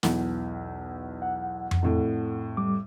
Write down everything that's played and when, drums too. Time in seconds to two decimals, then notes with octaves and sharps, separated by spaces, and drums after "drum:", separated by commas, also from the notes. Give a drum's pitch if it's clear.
0.03 B1 E2, drum: snare
1.22 F#5
1.71 drum: tom F2
1.83 F2 A2
2.57 G3 D6